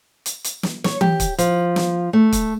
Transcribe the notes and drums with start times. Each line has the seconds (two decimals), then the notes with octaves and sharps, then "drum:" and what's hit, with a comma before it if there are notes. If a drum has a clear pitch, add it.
0.26 drum: hi-hat
0.44 drum: hi-hat
0.63 drum: snare
0.84 C#5, drum: snare
1.01 G4, drum: tom E3
1.20 drum: kick, hi-hat
1.38 F3, drum: hi-hat
1.76 drum: snare
2.13 A3
2.32 drum: kick, hi-hat